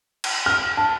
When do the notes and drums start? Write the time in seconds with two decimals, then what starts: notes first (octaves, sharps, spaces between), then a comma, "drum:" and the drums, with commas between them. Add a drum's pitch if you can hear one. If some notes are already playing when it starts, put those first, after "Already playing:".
0.24 drum: cymbal
0.46 F6
0.77 A5